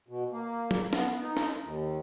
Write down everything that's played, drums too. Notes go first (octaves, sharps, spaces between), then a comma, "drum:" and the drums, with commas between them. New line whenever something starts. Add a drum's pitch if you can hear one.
B2
A#3
drum: tom
B3, drum: snare
D#4
drum: snare
D#2